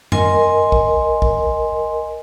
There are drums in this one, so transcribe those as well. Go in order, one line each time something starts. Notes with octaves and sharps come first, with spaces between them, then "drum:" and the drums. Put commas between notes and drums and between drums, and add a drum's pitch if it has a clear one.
A#4 D#5 G#5 C6, drum: tom F#2
drum: kick B1
drum: kick B1